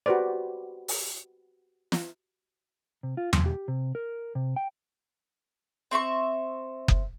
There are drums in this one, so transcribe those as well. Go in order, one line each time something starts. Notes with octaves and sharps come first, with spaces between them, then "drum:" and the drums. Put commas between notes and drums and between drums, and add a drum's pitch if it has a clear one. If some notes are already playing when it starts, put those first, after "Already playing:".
F#4 G4 B4 C5 D5
drum: open hi-hat
drum: snare
C3
F4
C6, drum: tom E2
G4
C3
A#4
C3
G5
C4 E5 C6 C#6
drum: kick F#1